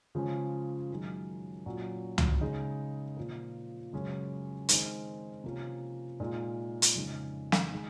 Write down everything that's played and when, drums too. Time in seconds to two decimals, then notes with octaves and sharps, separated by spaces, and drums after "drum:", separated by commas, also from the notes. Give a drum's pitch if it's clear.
0.15 C#3 F3 G#3 C#4
0.90 F#2 D#3 G#3
1.66 A#2 F#3 C#4
2.18 drum: tom
2.41 C#3 G#3 D#4
3.17 A#2 F3 A#3
3.93 F#2 C#3 G#3 C#4
4.69 D#3 G#3 C4 D#4, drum: hi-hat
5.44 C3 F3 A#3 C#4
6.20 A#2 G#3 D#4
6.82 drum: hi-hat
6.95 F2 C#3 G#3 D#4
7.52 drum: snare
7.73 D#3 G#3